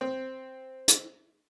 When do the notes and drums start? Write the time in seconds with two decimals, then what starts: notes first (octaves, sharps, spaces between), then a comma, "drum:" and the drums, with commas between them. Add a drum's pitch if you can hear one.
0.01 C4
0.88 drum: hi-hat